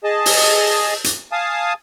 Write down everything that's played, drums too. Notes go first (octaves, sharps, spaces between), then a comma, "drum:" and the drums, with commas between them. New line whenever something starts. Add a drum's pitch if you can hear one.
G#4 D#5 A5
drum: open hi-hat
drum: hi-hat
F5 G#5 A5 D#6